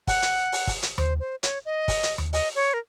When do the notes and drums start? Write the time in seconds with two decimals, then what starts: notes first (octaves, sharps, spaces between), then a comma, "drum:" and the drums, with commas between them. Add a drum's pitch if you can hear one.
0.07 F#5, drum: kick, open hi-hat
0.22 drum: hi-hat
0.52 drum: open hi-hat
0.67 drum: kick, open hi-hat
0.82 drum: hi-hat
0.98 C5, drum: tom D#2
1.20 C5
1.43 C#5, drum: hi-hat
1.65 D#5
1.88 drum: kick, open hi-hat
2.03 drum: hi-hat
2.18 drum: tom D#2
2.33 D#5, drum: open hi-hat
2.55 C#5
2.74 A#4